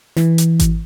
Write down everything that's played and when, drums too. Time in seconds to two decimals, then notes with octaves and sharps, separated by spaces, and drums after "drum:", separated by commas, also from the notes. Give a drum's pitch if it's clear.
0.17 E3, drum: snare
0.38 drum: hi-hat
0.59 drum: kick G#1, hi-hat